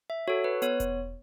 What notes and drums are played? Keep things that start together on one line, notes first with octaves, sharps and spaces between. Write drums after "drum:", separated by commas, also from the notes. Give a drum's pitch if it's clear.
E5
F#4 A4 C#5
B4
B3 C#5, drum: hi-hat
drum: kick E1, hi-hat